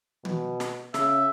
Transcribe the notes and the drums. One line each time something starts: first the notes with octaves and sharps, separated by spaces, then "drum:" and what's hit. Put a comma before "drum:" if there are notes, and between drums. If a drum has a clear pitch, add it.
B2, drum: tom
drum: snare
C#3 E5, drum: snare